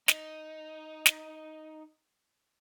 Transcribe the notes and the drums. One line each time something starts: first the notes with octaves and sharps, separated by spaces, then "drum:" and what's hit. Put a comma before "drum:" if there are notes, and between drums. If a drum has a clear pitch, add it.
D#4, drum: snare
drum: snare